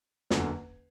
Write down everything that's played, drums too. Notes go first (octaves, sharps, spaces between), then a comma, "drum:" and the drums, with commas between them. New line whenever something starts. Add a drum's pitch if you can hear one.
F#1 E2 D3 F#3, drum: snare